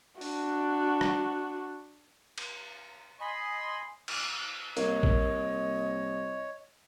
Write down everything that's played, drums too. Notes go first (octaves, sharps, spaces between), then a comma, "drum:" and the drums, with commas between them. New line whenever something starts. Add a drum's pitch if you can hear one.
D4 F#4, drum: open hi-hat
drum: rim click
drum: cymbal
D#5 G#5 B5 C6
drum: cymbal
C2 A#3 C#5 D#5, drum: hi-hat
drum: kick A#1